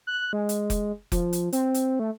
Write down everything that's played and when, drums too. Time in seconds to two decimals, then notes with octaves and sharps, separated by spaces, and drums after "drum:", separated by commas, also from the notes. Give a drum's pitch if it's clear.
0.07 F#6
0.33 G#3
0.49 drum: hi-hat
0.70 drum: kick F1, hi-hat
1.12 F3, drum: kick F1, hi-hat
1.33 drum: hi-hat
1.53 C4, drum: hi-hat
1.74 drum: hi-hat
2.00 A3